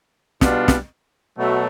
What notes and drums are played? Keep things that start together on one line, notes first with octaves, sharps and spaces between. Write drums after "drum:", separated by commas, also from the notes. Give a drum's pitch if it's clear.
B2 G3 B3 D4 F4, drum: snare
drum: snare
B2 F#3 A3